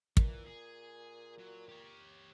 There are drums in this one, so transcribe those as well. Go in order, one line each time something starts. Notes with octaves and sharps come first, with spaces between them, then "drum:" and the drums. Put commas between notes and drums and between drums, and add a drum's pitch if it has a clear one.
A#2 E3, drum: kick
G#4
F#3
G4 C#5